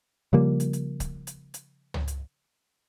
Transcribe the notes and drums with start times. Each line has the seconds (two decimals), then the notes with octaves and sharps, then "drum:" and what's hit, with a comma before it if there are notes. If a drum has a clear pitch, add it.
0.33 C#3 F3 G3 A#3
0.60 drum: hi-hat
0.73 drum: hi-hat
1.00 drum: kick C#1, hi-hat
1.27 drum: hi-hat
1.54 drum: hi-hat
1.94 drum: tom C#2
2.08 drum: hi-hat